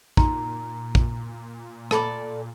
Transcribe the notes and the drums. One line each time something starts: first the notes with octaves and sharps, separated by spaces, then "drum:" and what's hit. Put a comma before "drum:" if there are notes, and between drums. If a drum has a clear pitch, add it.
A#2 D#4 A#5, drum: kick
drum: kick
A4 D5 A5 B5 D6, drum: rim click